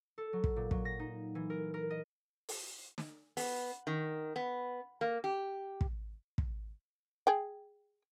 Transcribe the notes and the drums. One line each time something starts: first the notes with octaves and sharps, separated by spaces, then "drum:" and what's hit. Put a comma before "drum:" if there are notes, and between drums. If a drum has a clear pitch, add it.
A4
F#3
drum: kick
A#2
F#3, drum: kick
A#6
D#4
E3
A#4
A#4
D#5
drum: open hi-hat
drum: snare
B3, drum: open hi-hat
D#3
B3
A#3
G4
drum: kick
drum: kick
G#4 G5